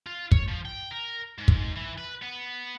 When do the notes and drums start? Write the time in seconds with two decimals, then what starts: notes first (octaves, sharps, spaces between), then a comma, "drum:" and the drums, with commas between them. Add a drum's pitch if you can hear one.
0.07 F4
0.32 C#5, drum: kick
0.48 F3
0.65 G5
0.91 A#4
1.38 G#2
1.48 drum: kick
1.76 E3
1.98 B4
2.22 B3